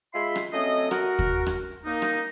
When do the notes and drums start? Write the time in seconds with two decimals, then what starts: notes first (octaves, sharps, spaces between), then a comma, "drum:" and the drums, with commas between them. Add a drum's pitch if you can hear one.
0.14 G#3 F4 E5 B5 C6
0.36 drum: rim click
0.54 F#3 A3 C4 C#4 D#5
0.91 F#4 A#4, drum: rim click
1.19 drum: kick
1.46 drum: rim click
1.86 A#3 D#4
2.02 drum: rim click